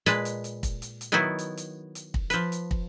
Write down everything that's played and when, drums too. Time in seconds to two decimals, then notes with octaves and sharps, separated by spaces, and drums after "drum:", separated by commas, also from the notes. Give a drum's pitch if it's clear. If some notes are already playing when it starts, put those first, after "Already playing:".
0.06 A#2 G#3 B4 A5, drum: hi-hat
0.25 drum: hi-hat
0.44 drum: hi-hat
0.63 drum: kick, hi-hat
0.82 drum: hi-hat
1.01 drum: hi-hat
1.12 D#3 F#3 B3 D#4 E4
1.39 drum: hi-hat
1.57 drum: hi-hat
1.95 drum: hi-hat
2.14 drum: kick
2.30 F3 B4, drum: hi-hat
2.52 drum: hi-hat
2.71 drum: kick